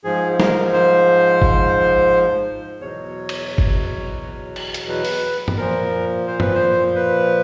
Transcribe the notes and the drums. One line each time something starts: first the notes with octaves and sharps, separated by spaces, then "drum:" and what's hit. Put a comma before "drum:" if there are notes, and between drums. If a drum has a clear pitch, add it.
G#2 F3 G#4
A#4, drum: snare
C5
drum: kick G#1
E2 B2 F#3 C#5
drum: cymbal
drum: kick G#1
drum: cymbal
drum: hi-hat
B4
drum: open hi-hat
drum: tom F#2
A#2 F3 A#4
C5
B4, drum: tom F#2
C5
B4